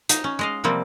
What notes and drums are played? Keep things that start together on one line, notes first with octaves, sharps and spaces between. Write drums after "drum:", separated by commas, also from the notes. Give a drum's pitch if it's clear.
D#4, drum: hi-hat
C#4
G#3 D#5 F5
C3 F3 G3 A#3 C4 D5